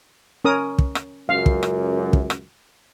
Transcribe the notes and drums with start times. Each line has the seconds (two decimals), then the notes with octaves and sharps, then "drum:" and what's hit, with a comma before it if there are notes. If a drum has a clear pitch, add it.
0.45 C#4 A#4 D#6
0.78 drum: kick
0.95 drum: rim click
1.29 C#2 F#2 F5
1.46 drum: kick
1.63 drum: rim click
2.13 drum: kick
2.30 drum: rim click